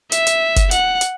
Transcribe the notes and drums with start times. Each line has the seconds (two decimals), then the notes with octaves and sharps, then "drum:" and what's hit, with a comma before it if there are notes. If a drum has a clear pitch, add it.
0.12 E5, drum: hi-hat
0.27 drum: hi-hat
0.56 drum: kick F#1, hi-hat
0.71 F#5, drum: hi-hat
1.01 drum: hi-hat